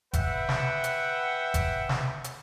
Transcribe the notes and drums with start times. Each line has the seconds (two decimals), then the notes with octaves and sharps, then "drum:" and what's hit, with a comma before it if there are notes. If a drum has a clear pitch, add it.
0.13 B4 E5 F#5 G5, drum: kick F#1, hi-hat
0.49 drum: snare
0.84 drum: hi-hat
1.54 drum: kick F#1, hi-hat
1.89 drum: snare
2.24 drum: hi-hat